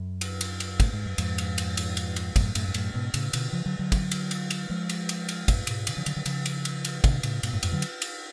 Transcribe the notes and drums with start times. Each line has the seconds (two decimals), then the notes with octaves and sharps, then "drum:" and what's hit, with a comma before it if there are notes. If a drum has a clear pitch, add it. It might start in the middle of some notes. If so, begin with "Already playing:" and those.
Already playing: F#2
0.21 drum: cymbal
0.41 drum: cymbal
0.60 drum: cymbal
0.80 A2, drum: kick, cymbal
0.93 G#2
1.06 F#2
1.18 F2 G#2, drum: cymbal
1.38 drum: cymbal
1.58 drum: cymbal
1.77 drum: cymbal
1.97 drum: cymbal
2.16 drum: cymbal
2.36 F#2 A2, drum: kick, cymbal
2.55 F#2 A2, drum: cymbal
2.68 G#2
2.74 F#2 A2, drum: cymbal
2.94 G#2 B2
3.14 A2 C#3, drum: cymbal
3.33 B2 D3, drum: cymbal
3.52 C#3 F3
3.66 D3 F#3
3.79 D3 F#3
3.92 drum: kick, cymbal
4.11 drum: cymbal
4.31 drum: cymbal
4.50 drum: cymbal
4.70 F3 G#3
4.90 drum: cymbal
5.09 drum: cymbal
5.29 drum: cymbal
5.48 F#2 A2, drum: kick, cymbal
5.67 G#2 B2, drum: cymbal
5.87 B2 D3, drum: cymbal
5.97 C#3 F3
6.06 D3 F#3, drum: cymbal
6.16 D3 F#3
6.26 C#3 F3, drum: cymbal
6.46 drum: cymbal
6.65 drum: cymbal
6.85 drum: cymbal
7.04 B2 D3, drum: kick, cymbal
7.23 A2 C#3, drum: cymbal
7.43 G#2 B2, drum: cymbal
7.53 F#2 A2
7.63 F2 G#2, drum: cymbal
7.72 D3 F#3
7.82 drum: cymbal
8.02 drum: cymbal